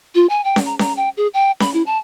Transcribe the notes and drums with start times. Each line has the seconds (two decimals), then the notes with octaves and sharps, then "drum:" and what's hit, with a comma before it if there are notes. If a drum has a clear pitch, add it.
0.15 F4
0.29 G#5
0.44 G5
0.56 drum: snare C#4
0.66 A#5
0.79 A#5, drum: snare C#4
0.97 G5
1.17 G#4
1.34 G5
1.60 B5, drum: snare C#4
1.74 E4
1.86 A5